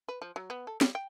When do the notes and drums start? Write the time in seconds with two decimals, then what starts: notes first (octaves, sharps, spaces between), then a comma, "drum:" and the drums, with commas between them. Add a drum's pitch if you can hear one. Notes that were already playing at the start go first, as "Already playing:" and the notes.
0.08 B4
0.22 F3
0.36 F#3
0.50 B3
0.67 A4
0.81 G3, drum: snare
0.95 G5